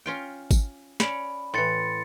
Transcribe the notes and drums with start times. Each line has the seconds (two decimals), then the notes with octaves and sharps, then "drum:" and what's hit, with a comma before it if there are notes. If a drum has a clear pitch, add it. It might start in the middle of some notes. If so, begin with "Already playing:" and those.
0.06 C#4 F4 G5
0.51 drum: kick G#1, tambourine
1.00 C#4 C#5 D5 B5, drum: snare
1.54 A2 E3 C6 A6 C#7